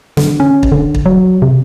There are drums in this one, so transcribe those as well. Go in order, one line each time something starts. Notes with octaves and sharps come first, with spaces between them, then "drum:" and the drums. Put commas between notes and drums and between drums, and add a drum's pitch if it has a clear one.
D3, drum: snare
C#4
drum: kick
D3
drum: kick
F#3
C3